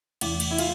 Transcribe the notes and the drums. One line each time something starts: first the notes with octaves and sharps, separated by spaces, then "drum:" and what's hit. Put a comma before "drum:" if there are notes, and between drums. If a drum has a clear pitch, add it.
E2 C3 E3 A3 E4, drum: cymbal
drum: cymbal
E4
F4, drum: cymbal